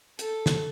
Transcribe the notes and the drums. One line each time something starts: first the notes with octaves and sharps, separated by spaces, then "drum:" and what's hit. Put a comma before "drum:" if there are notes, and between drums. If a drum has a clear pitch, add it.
A4, drum: hi-hat
drum: snare